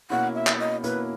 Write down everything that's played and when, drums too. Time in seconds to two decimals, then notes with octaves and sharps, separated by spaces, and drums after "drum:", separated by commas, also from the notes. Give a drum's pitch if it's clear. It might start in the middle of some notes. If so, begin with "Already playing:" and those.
0.10 B2 A#3 C#4 E4 F#5
0.35 E5
0.47 drum: clap
0.59 D#5
0.83 B2 A#3 C#4 E4 B4, drum: hi-hat